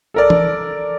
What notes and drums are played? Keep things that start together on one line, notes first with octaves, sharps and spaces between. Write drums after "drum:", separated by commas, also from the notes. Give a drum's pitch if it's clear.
A4 A#4 D5
drum: tom E3